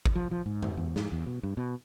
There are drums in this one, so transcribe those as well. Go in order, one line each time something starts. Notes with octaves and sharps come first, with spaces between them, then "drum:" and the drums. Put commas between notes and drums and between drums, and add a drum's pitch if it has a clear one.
drum: kick G#1
F3
F3
G#2
drum: tom F2
E2
G#2, drum: snare
E2
B2
G2
B2